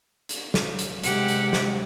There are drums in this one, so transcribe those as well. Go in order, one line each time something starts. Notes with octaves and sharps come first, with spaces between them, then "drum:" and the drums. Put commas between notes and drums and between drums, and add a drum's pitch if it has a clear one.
drum: hi-hat
drum: snare
drum: hi-hat
C3 G#3 G4 F#5, drum: hi-hat
drum: hi-hat
drum: snare